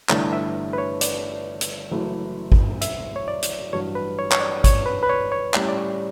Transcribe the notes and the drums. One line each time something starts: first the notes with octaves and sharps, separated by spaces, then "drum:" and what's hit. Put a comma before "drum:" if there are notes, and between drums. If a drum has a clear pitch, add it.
G1 G2 E3 A3 D4 C#5, drum: clap
E5
B4
C#5
D5, drum: hi-hat
drum: hi-hat
F#1 F#2 E3 A3 E4
drum: kick G#1
E5, drum: hi-hat
C#5
D5
drum: hi-hat
A1 G2 F#3 C#5
B4
C#5
C#5, drum: clap
D5
C#5, drum: kick G#1, hi-hat
B4
B4
C#5
C#5
A2 G3 C#4 D5, drum: clap
D5
C#5